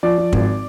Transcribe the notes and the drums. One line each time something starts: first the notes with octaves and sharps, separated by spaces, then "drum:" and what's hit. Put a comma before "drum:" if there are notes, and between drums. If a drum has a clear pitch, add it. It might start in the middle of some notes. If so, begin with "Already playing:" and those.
F3 D5
F3
G#1, drum: kick